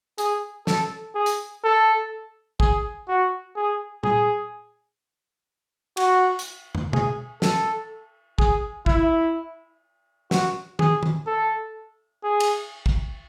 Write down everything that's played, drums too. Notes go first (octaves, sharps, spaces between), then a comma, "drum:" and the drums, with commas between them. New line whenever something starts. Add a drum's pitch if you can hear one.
G#4, drum: hi-hat
A4, drum: snare
G#4
drum: hi-hat
A4
G#4, drum: kick
F#4
G#4
G#4, drum: tom A#2
F#4, drum: cymbal
drum: hi-hat
drum: tom
G#4, drum: tom
A4, drum: snare
G#4, drum: kick
E4, drum: kick
F#4, drum: snare
G#4, drum: tom
drum: tom
A4
G#4
drum: cymbal
drum: kick